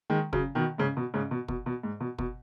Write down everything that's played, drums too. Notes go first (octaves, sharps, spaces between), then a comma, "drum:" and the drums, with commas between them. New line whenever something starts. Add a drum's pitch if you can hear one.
D#3 G#3
C#3 F#3, drum: kick
B2 D#3
G#2 C#3
B2
G#2 C#3
B2
B2, drum: kick
B2
G#2
B2
B2, drum: kick